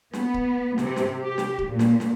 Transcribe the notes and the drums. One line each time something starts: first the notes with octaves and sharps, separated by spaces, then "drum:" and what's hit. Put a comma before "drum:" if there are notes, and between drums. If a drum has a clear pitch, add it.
B3, drum: snare
drum: kick D1
C3, drum: snare
drum: snare
G4
drum: snare
drum: kick D1
A#2
drum: snare
drum: snare